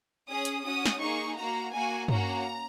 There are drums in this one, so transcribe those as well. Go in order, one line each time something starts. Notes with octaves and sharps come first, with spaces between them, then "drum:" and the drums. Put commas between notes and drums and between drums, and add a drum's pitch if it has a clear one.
C#4 G#4 D#6
drum: hi-hat
C#4 F#4 D#6
drum: snare
A#3 D#4 G#4 C#6
A#3 F#4 A#5
A#3 F#4 G#5
A#3 C#4 F#4 A#5, drum: tom G2